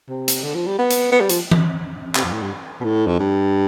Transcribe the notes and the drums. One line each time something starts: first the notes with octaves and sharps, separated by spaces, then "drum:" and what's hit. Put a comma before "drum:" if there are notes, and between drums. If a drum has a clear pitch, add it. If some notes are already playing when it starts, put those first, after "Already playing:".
C3
drum: hi-hat
D3
F3
G3
B3
drum: hi-hat
B3
G3
F3, drum: hi-hat
drum: tom E3
C3, drum: clap
F2
A2
G2
B2
A2
F2
G2